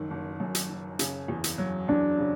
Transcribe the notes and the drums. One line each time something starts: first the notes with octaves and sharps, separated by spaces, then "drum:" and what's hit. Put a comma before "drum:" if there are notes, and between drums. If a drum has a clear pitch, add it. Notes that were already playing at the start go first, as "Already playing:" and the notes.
Already playing: F#1 F#2 D#3
F#1
F#2
drum: hi-hat
F#1
C#3, drum: hi-hat
E2
drum: hi-hat
F#3
E2 D4
C#3